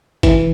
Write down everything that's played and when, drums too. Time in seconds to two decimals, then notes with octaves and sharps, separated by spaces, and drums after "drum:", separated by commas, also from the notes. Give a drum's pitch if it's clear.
0.23 E3, drum: kick, hi-hat